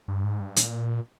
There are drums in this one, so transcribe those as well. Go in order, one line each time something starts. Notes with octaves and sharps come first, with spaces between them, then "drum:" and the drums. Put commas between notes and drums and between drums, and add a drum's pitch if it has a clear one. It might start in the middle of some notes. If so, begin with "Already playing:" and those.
G2
G#2
G2
A#2, drum: hi-hat